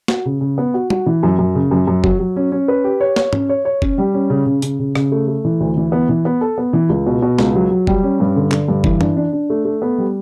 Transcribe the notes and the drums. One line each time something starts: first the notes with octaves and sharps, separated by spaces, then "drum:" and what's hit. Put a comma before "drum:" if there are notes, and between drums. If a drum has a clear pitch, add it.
F#4, drum: snare
C#3
C#3
B3
F#4
F#4, drum: tom
E3
F#2
F#2
C#3
F#2
F#2
F#3, drum: kick F1
F#3
C#4
C#4
B4
G4
C#5
C#5, drum: snare
C#4, drum: tom G#2
C#5
C#5
C#4, drum: kick F1
G3
C#4
C#3
C#3
C#3, drum: hi-hat
C#3
C#3, drum: rim click
A3
A3
E3
D2
E3
B3
E3
B3
A4
B3
E3
C#2
B2
B2
C#2, drum: snare
F#3
F#3
G3, drum: kick F1
C#4
G2
D3
D3, drum: clap
G2
E3, drum: kick F1
D4, drum: tom
D4
D4
A3
A3
B3
G3